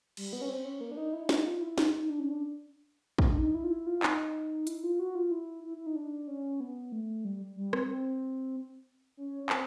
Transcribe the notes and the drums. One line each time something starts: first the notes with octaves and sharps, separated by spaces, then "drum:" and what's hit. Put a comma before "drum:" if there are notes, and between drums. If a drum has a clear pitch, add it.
G3, drum: cymbal
B3
C#4
C4
C#4
A#3
D4
D#4
E4
D#4, drum: snare
F4
E4
D#4, drum: snare
D#4
D4
C#4
D4
drum: kick
D4
D#4
E4
F4
E4
F4
D#4, drum: clap
E4, drum: hi-hat
F4
F#4
F4
E4
E4
E4
D#4
D4
C#4
B3
A3
G3
G3
C4, drum: rim click
C4
C#4
C#4
C4, drum: clap